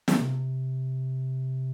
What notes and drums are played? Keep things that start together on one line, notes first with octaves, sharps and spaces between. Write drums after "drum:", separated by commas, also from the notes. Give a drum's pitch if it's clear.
drum: snare
C3